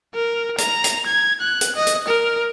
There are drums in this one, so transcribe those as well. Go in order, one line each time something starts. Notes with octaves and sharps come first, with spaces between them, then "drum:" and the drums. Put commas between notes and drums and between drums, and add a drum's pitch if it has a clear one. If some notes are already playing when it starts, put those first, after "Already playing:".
A#4
A#5, drum: hi-hat
drum: hi-hat
G#6
F#6
drum: hi-hat
D#5
drum: hi-hat
A#4